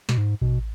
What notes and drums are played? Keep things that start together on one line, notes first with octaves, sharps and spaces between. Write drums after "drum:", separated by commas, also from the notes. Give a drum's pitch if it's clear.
B2, drum: snare
G#2
B2, drum: kick A1